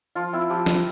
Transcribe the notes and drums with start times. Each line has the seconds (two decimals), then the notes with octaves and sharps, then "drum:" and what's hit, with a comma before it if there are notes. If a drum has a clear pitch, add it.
0.15 F3 F4
0.33 C4 E4
0.50 F3 G4
0.66 C4 E4, drum: snare